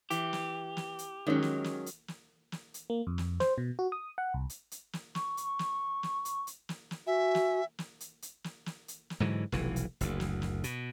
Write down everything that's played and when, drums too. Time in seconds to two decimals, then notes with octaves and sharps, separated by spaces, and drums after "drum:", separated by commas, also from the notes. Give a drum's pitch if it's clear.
0.10 E3 G4, drum: hi-hat
0.33 drum: snare
0.77 drum: snare
0.99 drum: hi-hat
1.27 D#3 F#3 G#3 C#4
1.42 drum: snare
1.64 drum: snare
1.86 drum: hi-hat
2.08 drum: snare
2.52 drum: snare
2.74 drum: hi-hat
2.90 A#3
3.07 F2
3.18 drum: snare
3.40 C5, drum: snare
3.58 B2
3.79 F#4
3.92 D#6
4.18 F#5
4.34 C2
4.50 drum: hi-hat
4.71 drum: hi-hat
4.93 drum: snare
5.15 C#6, drum: snare
5.37 drum: hi-hat
5.59 drum: snare
6.03 drum: snare
6.25 drum: hi-hat
6.47 drum: hi-hat
6.69 drum: snare
6.91 drum: snare
7.07 F#4 E5 G#5
7.35 drum: snare
7.79 drum: snare
8.00 drum: hi-hat
8.22 drum: hi-hat
8.44 drum: snare
8.66 drum: snare
8.88 drum: hi-hat
9.10 drum: snare
9.20 G#2 D3 E3 F#3
9.52 F1 B1 E3, drum: snare
9.76 drum: hi-hat
10.01 F#1 D2, drum: hi-hat
10.20 drum: snare
10.42 drum: snare
10.64 B2, drum: hi-hat